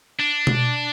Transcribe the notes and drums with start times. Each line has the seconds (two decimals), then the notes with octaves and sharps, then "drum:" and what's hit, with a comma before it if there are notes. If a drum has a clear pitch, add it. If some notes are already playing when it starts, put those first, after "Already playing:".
0.20 D4
0.47 drum: tom B2